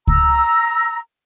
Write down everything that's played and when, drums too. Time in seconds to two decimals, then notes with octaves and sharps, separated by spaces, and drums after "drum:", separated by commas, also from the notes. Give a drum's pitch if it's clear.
0.07 A#5 E6, drum: kick C#2